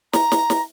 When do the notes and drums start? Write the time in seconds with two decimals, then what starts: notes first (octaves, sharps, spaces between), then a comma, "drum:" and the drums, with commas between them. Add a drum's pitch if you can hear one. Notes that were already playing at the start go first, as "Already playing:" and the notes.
0.13 A#5, drum: snare
0.32 drum: snare
0.50 drum: snare